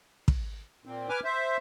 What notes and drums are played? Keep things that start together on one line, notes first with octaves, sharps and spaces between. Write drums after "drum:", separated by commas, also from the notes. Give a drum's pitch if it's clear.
drum: kick
A#2 C4
B4 G#5 D6 F6
C5 E5